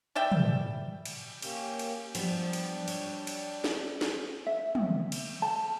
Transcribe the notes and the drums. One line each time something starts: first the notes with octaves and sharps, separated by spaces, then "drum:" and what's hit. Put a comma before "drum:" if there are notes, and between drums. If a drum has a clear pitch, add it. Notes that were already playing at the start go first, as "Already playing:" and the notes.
G3 D5 E5 G5
drum: tom
drum: cymbal
A#3 C#4 G4, drum: cymbal
drum: cymbal
F3 G3 B3 D4, drum: cymbal
drum: cymbal
C#5, drum: cymbal
drum: cymbal
drum: snare
drum: snare
E5
drum: tom
drum: cymbal
A5